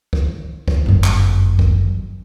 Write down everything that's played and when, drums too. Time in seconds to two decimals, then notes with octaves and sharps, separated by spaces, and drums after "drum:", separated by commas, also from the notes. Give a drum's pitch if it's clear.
0.13 drum: kick C#2
0.68 drum: kick C#2
0.86 G1 F#2
1.04 drum: clap
1.59 drum: kick C#2